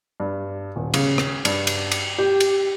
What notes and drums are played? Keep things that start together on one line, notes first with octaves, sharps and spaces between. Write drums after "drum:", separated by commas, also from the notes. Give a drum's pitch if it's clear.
G2
D#1
C#3, drum: cymbal
drum: rim click
G2, drum: cymbal
drum: cymbal
drum: cymbal
G4
drum: cymbal